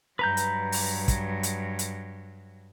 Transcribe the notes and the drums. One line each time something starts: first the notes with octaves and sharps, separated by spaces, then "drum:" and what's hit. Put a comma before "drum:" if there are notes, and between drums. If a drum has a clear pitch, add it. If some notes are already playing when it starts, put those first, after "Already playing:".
G2 F#3 B4 A#5 G6
drum: hi-hat
drum: open hi-hat
drum: kick, hi-hat
drum: hi-hat
drum: hi-hat